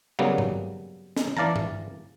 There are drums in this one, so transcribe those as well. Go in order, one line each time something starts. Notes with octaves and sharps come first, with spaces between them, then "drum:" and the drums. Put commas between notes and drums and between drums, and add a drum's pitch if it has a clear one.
C#3 F#3 G3 A#3 B3, drum: tom
drum: tom G2
drum: snare
E3 D5 F5 A5 A#5, drum: tom
drum: tom G2